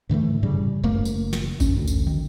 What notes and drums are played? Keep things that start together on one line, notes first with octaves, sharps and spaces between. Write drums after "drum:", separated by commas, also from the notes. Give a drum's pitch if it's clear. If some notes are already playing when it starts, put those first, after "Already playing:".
G#2 D3 E3 A3
F#2 A2 C#3 G3
F#1 F#2 A3 A#3
drum: tambourine
drum: snare
F#2 C#4, drum: kick A1, tambourine
D2
drum: tambourine
D#3